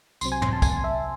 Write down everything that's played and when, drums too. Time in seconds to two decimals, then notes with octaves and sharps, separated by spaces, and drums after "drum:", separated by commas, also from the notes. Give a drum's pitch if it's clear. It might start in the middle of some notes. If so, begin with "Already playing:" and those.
0.21 C2 C3 F#3 C4 C6, drum: tambourine
0.32 G#5
0.42 C6, drum: tom
0.53 A5
0.62 G#5, drum: kick, tambourine
0.84 E5